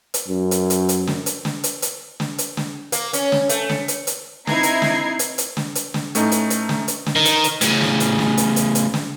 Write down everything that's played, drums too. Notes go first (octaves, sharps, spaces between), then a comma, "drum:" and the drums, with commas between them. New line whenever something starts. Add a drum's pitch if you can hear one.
drum: hi-hat
F#2
drum: hi-hat
drum: hi-hat
drum: hi-hat
drum: snare
drum: hi-hat
drum: snare
drum: hi-hat
drum: hi-hat
drum: snare
drum: hi-hat
drum: snare
A#3, drum: hi-hat
C#4, drum: hi-hat
drum: snare
A3, drum: hi-hat
drum: snare
drum: hi-hat
drum: hi-hat
C4 D#4 E4 A#5 G#6 C7, drum: snare
drum: hi-hat
drum: snare
drum: hi-hat
drum: hi-hat
drum: snare
drum: hi-hat
drum: snare
A2 A3 C#4 D#4, drum: hi-hat
drum: hi-hat
drum: hi-hat
drum: snare
drum: hi-hat
drum: snare
D#3
drum: hi-hat
drum: hi-hat
A2 C#3, drum: hi-hat
drum: snare
drum: hi-hat
drum: snare
drum: hi-hat
drum: hi-hat
drum: hi-hat
drum: snare